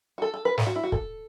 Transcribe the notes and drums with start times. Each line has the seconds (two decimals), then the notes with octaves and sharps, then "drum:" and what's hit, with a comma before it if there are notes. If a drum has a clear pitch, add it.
0.18 F#4
0.22 A4
0.34 A4
0.45 B4
0.58 A4, drum: snare
0.66 F#4
0.76 E4
0.83 F#4
0.92 A4, drum: kick